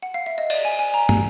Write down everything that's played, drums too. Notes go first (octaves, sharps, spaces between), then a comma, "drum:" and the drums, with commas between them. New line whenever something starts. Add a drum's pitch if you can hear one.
F#5
F5
E5
D#5
D5, drum: cymbal
G#5
G#5
A#5
drum: tom